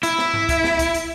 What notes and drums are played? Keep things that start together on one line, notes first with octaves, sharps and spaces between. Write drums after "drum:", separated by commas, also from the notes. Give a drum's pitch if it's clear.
E4, drum: hi-hat
drum: snare
drum: tom G#2
drum: kick, hi-hat
drum: snare
drum: kick, hi-hat
drum: hi-hat